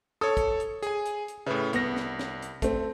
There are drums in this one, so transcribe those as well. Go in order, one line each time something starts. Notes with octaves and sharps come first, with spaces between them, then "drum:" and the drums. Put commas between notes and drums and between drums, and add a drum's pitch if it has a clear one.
A4 C#5 D#6
drum: kick, hi-hat
drum: hi-hat
G#4 G#5, drum: hi-hat
drum: hi-hat
drum: hi-hat
A2 C#3 B4 E5
C2 B3 A#6, drum: hi-hat
drum: snare
drum: snare
drum: hi-hat
A3 C4, drum: kick, hi-hat